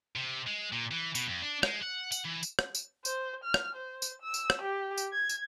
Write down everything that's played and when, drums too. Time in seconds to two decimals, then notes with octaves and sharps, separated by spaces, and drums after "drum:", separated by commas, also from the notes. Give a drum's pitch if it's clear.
0.16 C3
0.47 G#3
0.72 A#2
0.91 E3
1.15 B2, drum: tambourine
1.27 F2
1.42 D4
1.63 G#3, drum: rim click
1.83 F#5
2.12 F#5, drum: tambourine
2.25 E3
2.43 drum: tambourine
2.59 drum: rim click
2.75 drum: tambourine
3.05 C5, drum: tambourine
3.44 F6
3.54 drum: rim click
3.75 C5
4.02 drum: tambourine
4.22 E6
4.34 drum: tambourine
4.50 drum: rim click
4.62 G4
4.98 drum: tambourine
5.12 G#6
5.29 drum: tambourine